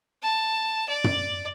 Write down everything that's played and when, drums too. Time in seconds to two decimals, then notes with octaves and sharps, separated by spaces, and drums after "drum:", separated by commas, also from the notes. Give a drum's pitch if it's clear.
0.23 A5
0.89 D5
1.04 drum: tom